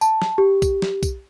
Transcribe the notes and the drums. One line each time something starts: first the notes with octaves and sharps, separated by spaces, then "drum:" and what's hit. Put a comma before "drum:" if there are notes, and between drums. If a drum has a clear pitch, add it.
A5, drum: tambourine
drum: snare
G4
drum: kick, tambourine
drum: snare
drum: kick, tambourine